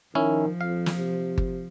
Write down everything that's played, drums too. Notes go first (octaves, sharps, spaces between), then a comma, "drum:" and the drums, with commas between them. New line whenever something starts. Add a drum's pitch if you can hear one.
D#3 F3 C#4 E4
F2 F5
drum: snare
C3
drum: kick G1